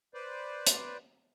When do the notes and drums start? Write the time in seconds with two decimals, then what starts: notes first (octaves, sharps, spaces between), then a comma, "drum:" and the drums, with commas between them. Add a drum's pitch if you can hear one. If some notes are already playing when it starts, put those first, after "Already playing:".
0.14 B4 C5 D5
0.67 drum: hi-hat